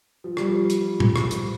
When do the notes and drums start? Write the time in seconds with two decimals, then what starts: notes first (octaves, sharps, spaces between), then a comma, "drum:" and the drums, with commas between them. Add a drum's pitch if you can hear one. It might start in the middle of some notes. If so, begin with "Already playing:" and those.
0.24 F3
0.37 G3, drum: rim click
0.49 F3
0.70 drum: hi-hat
1.00 drum: tom
1.16 drum: rim click
1.31 drum: hi-hat